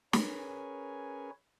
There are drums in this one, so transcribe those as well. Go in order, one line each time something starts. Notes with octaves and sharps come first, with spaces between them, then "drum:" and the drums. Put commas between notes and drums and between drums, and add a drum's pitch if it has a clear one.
C#4 G#4 A#4 B4 C#5 G#5, drum: snare